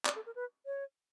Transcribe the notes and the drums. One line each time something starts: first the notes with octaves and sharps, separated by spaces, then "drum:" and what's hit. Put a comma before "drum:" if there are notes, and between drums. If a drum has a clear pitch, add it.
D5, drum: clap
A4
A#4
B4
C#5